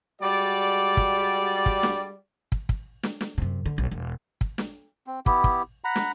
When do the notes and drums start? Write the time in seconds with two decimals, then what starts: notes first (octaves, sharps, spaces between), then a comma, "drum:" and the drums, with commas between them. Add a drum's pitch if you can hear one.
0.21 G3 G#3 F#4 D5
0.97 drum: kick
1.66 drum: kick
1.83 drum: snare
2.52 drum: kick
2.69 drum: kick
3.03 drum: snare
3.21 drum: snare
3.38 F#2 C3
3.66 D3
3.78 B1
3.91 E1
4.41 drum: kick
4.58 drum: snare
5.07 C4
5.26 B3 E4 G4, drum: kick
5.44 drum: kick
5.84 F#5 A#5 B5
5.96 drum: snare